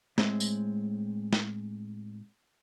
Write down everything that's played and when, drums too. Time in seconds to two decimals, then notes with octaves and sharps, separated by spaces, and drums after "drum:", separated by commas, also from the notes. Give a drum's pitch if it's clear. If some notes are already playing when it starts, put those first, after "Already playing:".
0.18 A2 G#3 C4, drum: snare
0.40 drum: tambourine
1.33 drum: snare